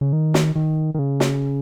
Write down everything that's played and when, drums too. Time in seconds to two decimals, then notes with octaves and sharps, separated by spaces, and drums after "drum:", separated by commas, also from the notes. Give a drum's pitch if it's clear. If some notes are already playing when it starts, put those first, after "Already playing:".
0.01 C#3
0.13 D#3
0.34 drum: snare
0.56 D#3
0.94 D#3
0.99 C#3
1.20 drum: snare